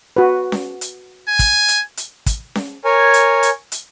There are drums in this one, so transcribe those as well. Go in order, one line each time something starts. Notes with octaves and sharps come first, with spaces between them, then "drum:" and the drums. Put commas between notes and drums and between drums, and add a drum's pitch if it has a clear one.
F#4 B4
drum: snare C#4
drum: hi-hat
G#5
drum: kick, hi-hat
drum: hi-hat
drum: hi-hat
drum: kick, hi-hat
drum: snare C#4
A#4 C#5 G#5
drum: hi-hat
drum: hi-hat
drum: hi-hat